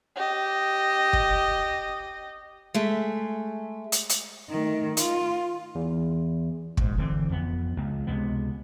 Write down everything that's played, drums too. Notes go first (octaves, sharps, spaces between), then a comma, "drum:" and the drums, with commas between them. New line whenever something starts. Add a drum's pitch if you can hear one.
G4 D#5
drum: kick
G#3 A3 E5
drum: hi-hat
drum: hi-hat
D#3 A3
F4, drum: hi-hat
E2
A#1 G#2, drum: kick
D3 E3 C4
F2 B3
C#2
C#2 C3 G#3 B3